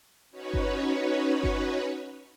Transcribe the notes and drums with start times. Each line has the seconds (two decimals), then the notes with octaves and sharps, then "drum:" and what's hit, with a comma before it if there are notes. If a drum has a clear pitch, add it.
0.31 C#4 D#4 F#4 B4 C#5
0.54 drum: kick G1
1.43 drum: kick G1